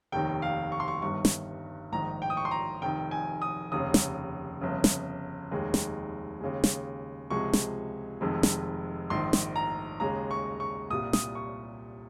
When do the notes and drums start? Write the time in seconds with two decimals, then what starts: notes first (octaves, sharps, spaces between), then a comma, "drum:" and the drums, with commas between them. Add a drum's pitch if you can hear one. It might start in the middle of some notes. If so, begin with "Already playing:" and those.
0.12 F1 D#2 D#3 G5
0.42 F5
0.72 C#6
0.80 C6
0.88 C#6
1.02 G1 G2 D#3 C#6
1.25 drum: snare
1.92 A#1 G#2 D#3 A#5
2.22 G5
2.30 D#6
2.37 C#6
2.45 C6
2.51 A#5
2.82 F1 F2 D#3 G5
3.11 G#5
3.42 D#6
3.72 F1 D#2 C#3 D#6
3.94 drum: snare
4.61 G1 F2 C#3
4.84 drum: snare
5.51 F1 D#2 D#3 G#3
5.74 drum: snare
6.41 D#2 C#3 G#3
6.64 drum: snare
7.30 C#2 C3 F3 G#3 C#6
7.53 drum: snare
8.21 F1 F2 D#3 G#3
8.43 drum: snare
9.10 A#1 G#2 D#3 C6
9.33 drum: snare
9.56 A#5
10.00 D#2 C#3 G#3 A#5
10.31 C#6
10.60 C#6
10.90 C2 A#2 G3 D#6
11.13 D#6, drum: snare
11.35 C#6